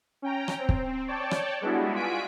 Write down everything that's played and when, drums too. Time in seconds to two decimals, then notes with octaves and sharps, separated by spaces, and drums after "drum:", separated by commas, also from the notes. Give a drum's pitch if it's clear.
0.22 C#4 G5 A#5
0.48 drum: rim click
0.59 C4
0.69 drum: kick
1.08 C#5 D5 G5 A5
1.31 drum: rim click
1.61 G3 G#3 B3 D4 E4 F#4
1.94 F4 F#4 G#5 B6 D7